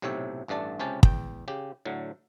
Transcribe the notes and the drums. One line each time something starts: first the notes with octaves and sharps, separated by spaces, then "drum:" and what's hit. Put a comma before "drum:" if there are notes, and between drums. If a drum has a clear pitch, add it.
B1 A2 C3 G4 C#5 E5
A1 G2 A3 D5 A5
C#2 C3 C#4 G4 A5
E2 G5, drum: kick
C#3 G4
A2 D3 F#3